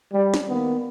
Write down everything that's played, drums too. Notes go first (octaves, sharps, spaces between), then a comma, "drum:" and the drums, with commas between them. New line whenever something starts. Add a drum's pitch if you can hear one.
G3
drum: snare
D#3 A#3 B3